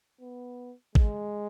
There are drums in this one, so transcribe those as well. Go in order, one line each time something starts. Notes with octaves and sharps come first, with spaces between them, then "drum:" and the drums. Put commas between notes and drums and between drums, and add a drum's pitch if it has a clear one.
B3
G#3, drum: kick G#1